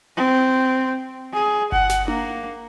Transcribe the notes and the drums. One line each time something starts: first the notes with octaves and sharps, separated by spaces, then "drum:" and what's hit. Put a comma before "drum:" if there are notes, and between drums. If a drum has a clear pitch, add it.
C4
G#4
F#5, drum: kick G1
drum: snare
A#3, drum: tom D4